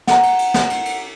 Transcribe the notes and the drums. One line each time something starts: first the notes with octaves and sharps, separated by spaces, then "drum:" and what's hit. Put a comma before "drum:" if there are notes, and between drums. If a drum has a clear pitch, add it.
F#5 A#5, drum: snare
drum: cymbal
drum: cymbal
drum: snare
drum: cymbal
drum: cymbal